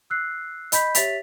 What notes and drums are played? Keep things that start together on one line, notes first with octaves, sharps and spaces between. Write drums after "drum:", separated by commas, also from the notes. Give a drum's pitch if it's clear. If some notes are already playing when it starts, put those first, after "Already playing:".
E6 F#6 C7
D#5 B5 G6 B6, drum: hi-hat
G4 C#5 E5 A6 B6 F7, drum: hi-hat